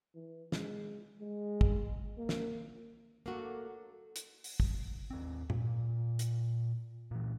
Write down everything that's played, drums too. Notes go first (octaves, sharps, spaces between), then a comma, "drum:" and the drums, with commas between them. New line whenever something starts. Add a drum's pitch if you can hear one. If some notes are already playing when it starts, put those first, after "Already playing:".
E3
G#3, drum: snare
G#3
drum: kick
A#3
drum: snare
F#3 A3 A#3 D4 F#4
drum: hi-hat
drum: open hi-hat
drum: kick
D#2 C4
A#2, drum: tom G#2
drum: hi-hat
A#2 E3